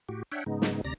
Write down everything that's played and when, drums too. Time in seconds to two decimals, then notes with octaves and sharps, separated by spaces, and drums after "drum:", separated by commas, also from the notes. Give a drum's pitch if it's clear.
0.09 A2 F#4 G4
0.32 D4 C#5 E5 F#5 G5
0.46 G#2 C#3 G#3 B3 D#4
0.62 drum: snare
0.84 D2 C3 D5 A#5 A#6